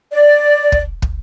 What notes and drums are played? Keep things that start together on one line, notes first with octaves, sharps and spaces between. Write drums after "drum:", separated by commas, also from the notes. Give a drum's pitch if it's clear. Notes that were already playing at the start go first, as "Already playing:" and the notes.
D5
drum: kick
drum: kick